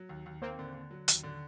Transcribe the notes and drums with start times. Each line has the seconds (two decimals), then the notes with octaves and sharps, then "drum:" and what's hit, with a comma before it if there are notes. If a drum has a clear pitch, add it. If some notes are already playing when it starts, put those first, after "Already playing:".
Already playing: F#3
0.09 D#2
0.26 D#2
0.42 D#2 A#3 C4
0.59 D3
0.75 D3
0.91 F#3
1.08 D#2, drum: hi-hat
1.23 D3